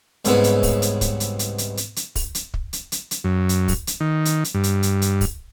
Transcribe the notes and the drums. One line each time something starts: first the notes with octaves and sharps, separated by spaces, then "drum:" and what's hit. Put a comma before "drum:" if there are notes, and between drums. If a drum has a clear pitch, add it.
C2 G#2 C#3 B3 E4, drum: hi-hat
drum: hi-hat
drum: kick, open hi-hat
drum: hi-hat
drum: kick, hi-hat
drum: hi-hat
drum: hi-hat
drum: hi-hat
drum: hi-hat
drum: hi-hat
drum: kick, open hi-hat
drum: hi-hat
drum: kick
drum: hi-hat
drum: hi-hat
drum: hi-hat
F#2
drum: hi-hat
drum: kick, open hi-hat
drum: hi-hat
D#3
drum: hi-hat
drum: hi-hat
G2
drum: hi-hat
drum: hi-hat
drum: hi-hat
drum: kick, open hi-hat